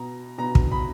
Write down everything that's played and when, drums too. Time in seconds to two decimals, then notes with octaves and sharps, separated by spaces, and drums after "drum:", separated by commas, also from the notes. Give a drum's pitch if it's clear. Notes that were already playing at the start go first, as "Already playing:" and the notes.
Already playing: B2 A#5
0.38 B2 A#5
0.55 drum: kick
0.71 B5